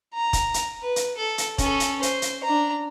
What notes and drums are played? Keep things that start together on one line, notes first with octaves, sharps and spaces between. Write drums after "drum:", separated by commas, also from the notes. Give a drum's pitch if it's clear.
A#5
drum: kick, hi-hat
drum: hi-hat
B4
drum: hi-hat
A4
drum: hi-hat
C#4 A4, drum: kick, hi-hat
drum: hi-hat
C5, drum: hi-hat
drum: hi-hat
D4 A#5